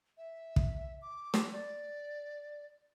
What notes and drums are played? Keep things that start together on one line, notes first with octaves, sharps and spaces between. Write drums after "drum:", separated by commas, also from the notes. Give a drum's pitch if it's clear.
E5
drum: kick
D6
drum: snare
D5